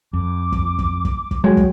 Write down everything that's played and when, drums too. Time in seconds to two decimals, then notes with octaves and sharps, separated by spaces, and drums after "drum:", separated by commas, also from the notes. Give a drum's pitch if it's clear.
0.13 F2 D6
0.52 drum: kick
0.79 drum: kick
1.05 drum: kick
1.31 drum: kick
1.44 F#3 G#3 G5
1.57 drum: kick